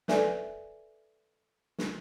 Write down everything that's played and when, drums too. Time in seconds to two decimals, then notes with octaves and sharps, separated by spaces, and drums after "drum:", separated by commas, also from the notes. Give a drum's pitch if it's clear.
0.08 A4 B4 D5 E5 G#5, drum: snare
1.78 drum: snare